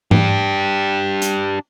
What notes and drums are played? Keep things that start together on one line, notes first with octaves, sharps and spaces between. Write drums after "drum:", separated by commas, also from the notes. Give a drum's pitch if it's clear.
D4 G4, drum: tom
drum: hi-hat